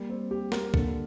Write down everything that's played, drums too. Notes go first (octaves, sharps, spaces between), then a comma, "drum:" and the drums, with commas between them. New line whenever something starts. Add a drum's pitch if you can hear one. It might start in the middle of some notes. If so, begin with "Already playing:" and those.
Already playing: G3 A#3
C4
G4
A#4, drum: snare
D3 A#3, drum: kick